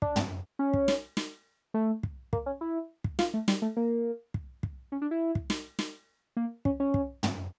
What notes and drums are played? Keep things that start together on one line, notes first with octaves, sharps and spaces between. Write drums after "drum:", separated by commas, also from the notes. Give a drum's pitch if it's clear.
D4, drum: kick
drum: tom
C#4
drum: kick
drum: snare
drum: snare
A3
drum: kick
A#3, drum: kick
C#4
E4
drum: kick
F4, drum: snare
A3
G3, drum: snare
A3
A#3
drum: kick
drum: kick
C#4
D4
E4
drum: kick
drum: snare
drum: snare
A#3
C#4, drum: kick
C#4
drum: kick
drum: tom